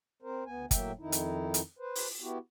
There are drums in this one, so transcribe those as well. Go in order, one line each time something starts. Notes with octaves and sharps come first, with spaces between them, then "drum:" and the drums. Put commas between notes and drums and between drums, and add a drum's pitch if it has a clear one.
C4 A#4 C5
D2 B3 G#5
A2 F#3 A#3 E5 G5, drum: kick, hi-hat
F2 D#3 D#4 E4
drum: hi-hat
drum: hi-hat
B4 C5
drum: open hi-hat
B3 E4 F#4 G4